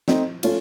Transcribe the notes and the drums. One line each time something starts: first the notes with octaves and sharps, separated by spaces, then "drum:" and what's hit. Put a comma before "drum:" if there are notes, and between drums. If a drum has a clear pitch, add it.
A3 C4 D#4, drum: snare
A3 C#4 F4, drum: cymbal